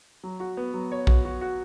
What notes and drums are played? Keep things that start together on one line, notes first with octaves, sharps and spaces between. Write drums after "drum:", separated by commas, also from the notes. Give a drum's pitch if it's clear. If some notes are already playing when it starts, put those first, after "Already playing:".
F#3
F#4
B3
F#3
C#5
F#4, drum: kick A#1
F#4
F#4